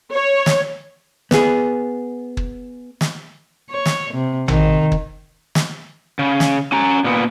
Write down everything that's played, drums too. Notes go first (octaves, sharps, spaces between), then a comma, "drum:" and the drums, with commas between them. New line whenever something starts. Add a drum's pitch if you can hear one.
C#5
drum: snare
B3 G#4, drum: snare
drum: kick
drum: snare
C#5
drum: snare
C3
D#3, drum: tom A1
drum: kick
drum: snare
C#3
drum: snare
C#4 A#5
A#2 B3